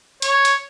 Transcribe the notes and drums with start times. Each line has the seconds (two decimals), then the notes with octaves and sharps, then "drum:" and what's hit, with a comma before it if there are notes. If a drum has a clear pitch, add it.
0.22 C#5, drum: hi-hat
0.45 drum: hi-hat